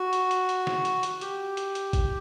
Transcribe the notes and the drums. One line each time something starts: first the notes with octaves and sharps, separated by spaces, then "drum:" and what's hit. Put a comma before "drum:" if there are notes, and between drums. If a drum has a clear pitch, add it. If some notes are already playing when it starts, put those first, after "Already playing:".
Already playing: F#4
drum: hi-hat
drum: hi-hat
drum: hi-hat
drum: snare
drum: hi-hat
drum: hi-hat
G4, drum: hi-hat
drum: hi-hat
drum: hi-hat
drum: kick, hi-hat